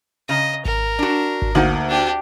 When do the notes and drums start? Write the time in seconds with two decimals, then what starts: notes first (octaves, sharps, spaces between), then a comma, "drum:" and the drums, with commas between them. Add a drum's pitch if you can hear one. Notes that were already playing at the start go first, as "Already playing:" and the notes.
0.29 C#3 D#5 A#5
0.65 A#4, drum: kick G#1
0.99 D4 F#4
1.42 drum: kick G#1
1.55 D2 A#3 D#4 F#5
1.89 D4 G4